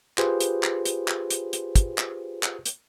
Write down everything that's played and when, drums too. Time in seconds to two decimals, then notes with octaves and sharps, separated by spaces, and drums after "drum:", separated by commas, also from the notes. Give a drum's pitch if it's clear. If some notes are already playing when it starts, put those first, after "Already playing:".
0.18 F4 G4 G#4 B4 C5, drum: clap
0.40 drum: hi-hat
0.63 drum: clap
0.85 drum: hi-hat
1.08 drum: clap
1.30 drum: hi-hat
1.53 drum: hi-hat
1.75 drum: kick, hi-hat
1.98 drum: clap
2.43 drum: clap
2.66 drum: hi-hat